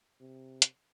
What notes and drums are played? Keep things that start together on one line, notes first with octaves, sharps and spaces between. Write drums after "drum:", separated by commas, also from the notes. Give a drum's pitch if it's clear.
C3
drum: hi-hat